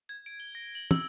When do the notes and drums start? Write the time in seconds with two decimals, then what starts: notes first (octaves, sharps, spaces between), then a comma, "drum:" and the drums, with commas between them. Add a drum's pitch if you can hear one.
0.09 G#6
0.26 D7
0.40 G7
0.55 A#6
0.75 F#7
0.91 E6, drum: tom